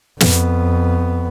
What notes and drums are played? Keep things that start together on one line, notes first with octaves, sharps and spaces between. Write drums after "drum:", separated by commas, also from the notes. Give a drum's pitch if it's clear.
F2 B3, drum: snare